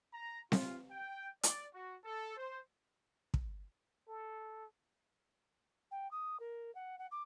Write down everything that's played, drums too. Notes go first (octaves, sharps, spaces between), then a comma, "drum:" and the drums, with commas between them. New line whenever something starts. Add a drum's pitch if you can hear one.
A#5
F4, drum: snare C4
G5
D5, drum: hi-hat
F#4
A4
C5
drum: kick
A4
G5
D#6
A#4
F#5
F#5
D6